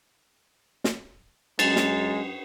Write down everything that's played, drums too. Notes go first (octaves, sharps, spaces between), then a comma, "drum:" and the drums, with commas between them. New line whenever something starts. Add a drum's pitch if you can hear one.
drum: snare
F#2 G#3 A6, drum: cymbal
drum: snare